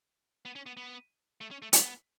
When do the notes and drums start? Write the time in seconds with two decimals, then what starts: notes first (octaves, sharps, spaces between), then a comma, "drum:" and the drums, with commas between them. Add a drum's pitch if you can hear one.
0.45 B3
0.55 C#4
0.66 B3
0.77 B3
1.41 A3
1.51 C#4
1.62 A3
1.73 B3, drum: hi-hat